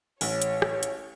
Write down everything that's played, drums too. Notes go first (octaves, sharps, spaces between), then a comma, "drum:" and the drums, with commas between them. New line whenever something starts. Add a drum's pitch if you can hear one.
A1 C#5, drum: open hi-hat
drum: hi-hat
drum: rim click
drum: hi-hat